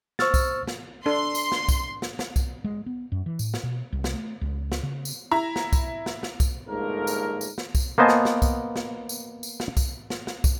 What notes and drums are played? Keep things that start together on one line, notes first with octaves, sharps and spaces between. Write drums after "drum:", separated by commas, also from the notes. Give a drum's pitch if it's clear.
C5 C#6 E6 F6 A6, drum: snare
drum: kick, tambourine
drum: snare
D4 A4 C6
drum: tambourine
drum: snare
drum: kick, tambourine
drum: snare
drum: snare
drum: kick, tambourine
G#3
B3
F#2
E3
A2, drum: tambourine
drum: snare
B2
C2
drum: snare
A3
C#2
drum: snare
C#3
drum: tambourine
E4 A#5
drum: snare
drum: kick, tambourine
drum: snare
drum: snare
drum: kick, tambourine
G1 G#2 F3 A3 A#3 A#4
drum: tambourine
drum: tambourine
drum: snare
drum: kick, tambourine
A#3 B3 C5 D#5 G#5 A5
drum: snare
drum: snare
drum: kick, tambourine
drum: snare
drum: tambourine
drum: tambourine
drum: snare
drum: kick, tambourine
drum: snare
drum: snare
drum: kick, tambourine